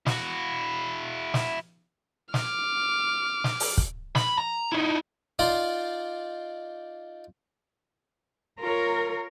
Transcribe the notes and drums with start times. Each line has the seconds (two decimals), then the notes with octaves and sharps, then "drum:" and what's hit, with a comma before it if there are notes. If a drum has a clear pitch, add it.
0.06 E4 F#4, drum: snare
1.34 drum: snare
2.34 D6 F6, drum: snare
3.44 drum: snare
3.60 drum: open hi-hat
3.78 drum: kick
4.15 B5, drum: snare
4.38 A#5
4.72 D#4 E4
5.39 D#4 F4 D5 F5 A#5 C6
8.60 F4 A#4 C#5